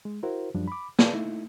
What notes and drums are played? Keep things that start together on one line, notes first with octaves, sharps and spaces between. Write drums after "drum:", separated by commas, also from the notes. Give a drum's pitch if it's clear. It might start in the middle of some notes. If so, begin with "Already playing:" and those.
G#3
E4 F#4 A#4 C5
F#2 F3 G3 D4
B5 D6
G#4 B4 D5 A5, drum: snare
A3 D#4 E4